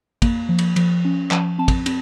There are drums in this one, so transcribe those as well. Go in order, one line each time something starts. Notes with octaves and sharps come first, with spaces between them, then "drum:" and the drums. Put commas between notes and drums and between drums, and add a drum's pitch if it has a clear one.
A#3, drum: kick, cymbal
F3
drum: cymbal
F3, drum: cymbal
C#4
F3 A5, drum: clap
C4 A5
drum: kick, cymbal
C4, drum: cymbal